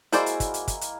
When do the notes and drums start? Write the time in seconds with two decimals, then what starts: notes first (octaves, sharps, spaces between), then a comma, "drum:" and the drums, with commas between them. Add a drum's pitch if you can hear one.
0.12 G#3 A#3 E4 F#4 C5 D5, drum: hi-hat
0.26 drum: hi-hat
0.40 drum: kick, hi-hat
0.54 drum: hi-hat
0.68 drum: kick, hi-hat
0.81 drum: hi-hat